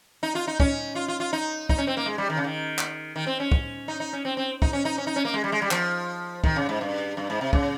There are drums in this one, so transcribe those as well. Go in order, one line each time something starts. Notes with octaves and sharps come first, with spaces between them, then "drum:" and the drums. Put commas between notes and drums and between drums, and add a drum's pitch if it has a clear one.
D#4
F4
D#4
C#4, drum: kick
F4
F4
F4
D#4
D#4, drum: kick
C#4
C4
A#3
G#3
G3
D#3
C#3
D#3
drum: clap
D#3
C4
C#4
drum: kick
D#4
D#4
C#4
C4
C4
D#4, drum: kick
C#4
D#4
C#4
D#4
C#4
A#3
G#3
G3
G#3
G3
F3, drum: clap
D#3, drum: kick
C#3
G#2
G2
G2
G#2
C3
C#3, drum: kick